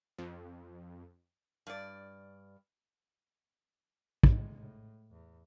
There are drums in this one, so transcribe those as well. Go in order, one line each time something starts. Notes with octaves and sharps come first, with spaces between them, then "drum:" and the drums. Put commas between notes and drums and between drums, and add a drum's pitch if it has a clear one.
F2
G2 D5
A2 G#3, drum: kick
A2
E2